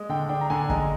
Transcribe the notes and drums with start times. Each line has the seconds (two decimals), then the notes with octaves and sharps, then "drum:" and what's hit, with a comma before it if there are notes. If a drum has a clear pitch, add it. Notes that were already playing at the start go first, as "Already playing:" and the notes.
Already playing: G#3
0.09 D3 G5
0.29 D4 G5
0.41 A#5
0.50 D3 G#5
0.69 G#3 A#5, drum: kick